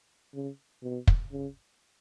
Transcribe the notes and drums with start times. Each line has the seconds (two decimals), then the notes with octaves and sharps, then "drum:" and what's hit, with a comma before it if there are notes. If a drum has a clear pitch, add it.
0.34 C#3
0.83 B2
1.07 drum: kick
1.32 C#3